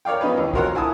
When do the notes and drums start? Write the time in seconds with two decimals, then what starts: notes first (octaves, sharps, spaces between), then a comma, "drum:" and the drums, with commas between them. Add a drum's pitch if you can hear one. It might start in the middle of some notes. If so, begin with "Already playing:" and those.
0.05 A#4 C#5 D5 F5 G5
0.21 F3 B3 C#4 D#4 B4
0.36 D#2 E3
0.54 F4 F#4 A#4 C5 C#5 F#5, drum: kick C2
0.75 E4 G#5 A5 D#6